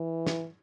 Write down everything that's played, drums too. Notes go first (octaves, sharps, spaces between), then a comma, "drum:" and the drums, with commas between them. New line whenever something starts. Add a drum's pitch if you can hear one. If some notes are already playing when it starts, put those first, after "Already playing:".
Already playing: E3
drum: snare